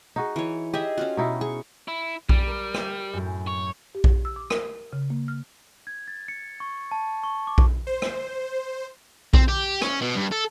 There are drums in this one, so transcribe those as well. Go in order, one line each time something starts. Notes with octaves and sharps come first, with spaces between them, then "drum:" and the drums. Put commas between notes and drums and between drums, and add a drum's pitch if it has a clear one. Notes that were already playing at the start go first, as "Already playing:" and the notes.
D#4 F#4 G#4
E3 C#5
G4 G#4 D#5 E5
C#4 F4 F#4
B2 D#4 E4
G#4 C#6
E4
G3, drum: kick A#1
A#4
G4, drum: rim click
F#2 A2
C#5
G4
drum: kick A#1
E6
D6
A#4, drum: rim click
C#3
A#3
F6
G#6
A6
C#7
C#6
A5
C#6
D6
drum: kick A#1
C5
drum: rim click
C4, drum: kick A#1
G4
C#4, drum: rim click
B2
G2
A4